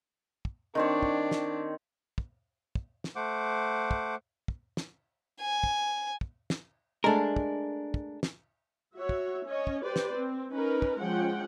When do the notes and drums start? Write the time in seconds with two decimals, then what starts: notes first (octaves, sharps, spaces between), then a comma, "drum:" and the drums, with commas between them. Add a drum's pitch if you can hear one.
0.45 drum: kick
0.75 D#3 C4 D4 C#5
1.03 drum: kick
1.31 drum: snare
2.18 drum: kick
2.75 drum: kick
3.04 drum: snare
3.16 A3 C5 F#5 D6
3.91 drum: kick
4.48 drum: kick
4.77 drum: snare
5.40 G#5
5.64 drum: kick
6.21 drum: kick
6.50 drum: snare
7.04 G#3 A3 D4 A#4
7.36 drum: kick
7.94 drum: kick
8.23 drum: snare
8.96 F#4 C#5 E5
9.09 drum: kick
9.46 C#4 C#5 D#5
9.67 drum: kick
9.83 G4 B4 C5 D5
9.96 drum: snare
10.17 C4
10.53 C#4 D#4 A#4 B4
10.82 drum: kick
11.00 F3 G#3 C#4 F#5 G5